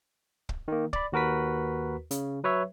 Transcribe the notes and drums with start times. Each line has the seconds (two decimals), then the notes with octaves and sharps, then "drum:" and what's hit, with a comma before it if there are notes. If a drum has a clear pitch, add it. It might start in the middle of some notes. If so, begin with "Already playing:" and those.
0.49 drum: kick
0.68 D#3 A#3
0.93 D5 B5, drum: kick
1.12 D#2 F#4 A#4 B4 B6
2.11 C#3, drum: hi-hat
2.44 F#3 B4 C#5 E5